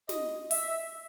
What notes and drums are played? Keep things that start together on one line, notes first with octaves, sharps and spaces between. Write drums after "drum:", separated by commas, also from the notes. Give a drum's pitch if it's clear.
D#5, drum: snare
E5, drum: open hi-hat